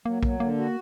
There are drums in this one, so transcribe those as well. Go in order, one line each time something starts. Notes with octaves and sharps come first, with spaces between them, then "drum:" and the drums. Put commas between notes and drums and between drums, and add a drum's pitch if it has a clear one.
F#3 A#3
F#3, drum: kick A#1
D3 A#3
F#4